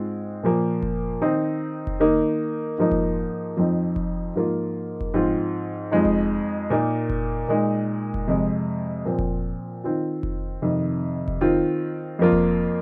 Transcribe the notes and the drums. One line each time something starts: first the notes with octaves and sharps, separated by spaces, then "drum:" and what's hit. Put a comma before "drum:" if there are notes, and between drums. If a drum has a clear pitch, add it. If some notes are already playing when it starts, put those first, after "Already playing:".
Already playing: G#2 G#3 C4 F4
A#2 F3 A#3
drum: kick F1
D#3 C4 D#4
drum: kick F1
D#3 A#3 D#4
G#2 F3 A#3 D#4
drum: kick F1
F2 F3 C4 D#4
drum: kick F1
G#2 F3 A#3 F4
drum: kick F1
G#2 F3 C4 F4
F2 F3 G#3 D#4
drum: kick F1
A#2 A#3 D#4
drum: kick F1
A#2 G#3 D#4
drum: kick F1
F2 C3 G#3
A#2 F3 C4
drum: kick F1
D#3 C4 F4
drum: kick F1
F2 C3 D#3
drum: kick F1
D#3 C4 F4
F2 F3 A#3 F4
drum: kick F1